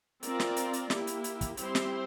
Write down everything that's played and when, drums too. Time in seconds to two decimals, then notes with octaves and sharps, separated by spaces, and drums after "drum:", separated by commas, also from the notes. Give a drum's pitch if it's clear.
0.23 C4 F4 A#4 D5, drum: hi-hat
0.40 drum: snare
0.57 drum: hi-hat
0.73 drum: hi-hat
0.90 A#3 E4 G4, drum: snare
1.07 drum: hi-hat
1.24 drum: hi-hat
1.41 drum: kick, hi-hat
1.57 G3 C4 E4 G4 C5, drum: hi-hat
1.75 drum: snare